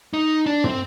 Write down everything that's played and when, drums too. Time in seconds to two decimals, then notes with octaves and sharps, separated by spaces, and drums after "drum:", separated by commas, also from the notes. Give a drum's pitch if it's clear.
0.14 D#4
0.46 D4
0.64 C4, drum: tom